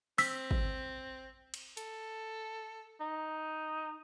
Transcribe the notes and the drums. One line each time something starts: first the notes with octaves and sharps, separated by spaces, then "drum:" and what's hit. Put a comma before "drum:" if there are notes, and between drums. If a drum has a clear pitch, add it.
C4 E6 B6, drum: open hi-hat
drum: kick
drum: cymbal
A4, drum: hi-hat
D#4